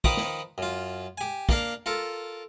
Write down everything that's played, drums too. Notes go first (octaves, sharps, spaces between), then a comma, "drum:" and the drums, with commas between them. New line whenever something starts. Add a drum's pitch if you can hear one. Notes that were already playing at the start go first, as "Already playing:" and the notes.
D#3 F3 D#4 B4 D6 D#6, drum: kick
drum: snare
F#2 F4
G4 G#5
A#3 D4 A#4 F5, drum: kick
F4 A4 A#4